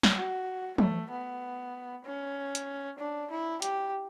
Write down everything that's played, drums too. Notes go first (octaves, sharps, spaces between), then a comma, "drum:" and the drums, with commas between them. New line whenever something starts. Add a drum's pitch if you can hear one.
drum: snare
F#4
A3, drum: tom
B3
C#4
drum: hi-hat
D4
E4
G4, drum: hi-hat